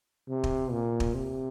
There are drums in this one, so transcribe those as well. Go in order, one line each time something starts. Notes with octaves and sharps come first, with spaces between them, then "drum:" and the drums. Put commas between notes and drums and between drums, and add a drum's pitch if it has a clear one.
C3
drum: kick
A#2
drum: kick
C3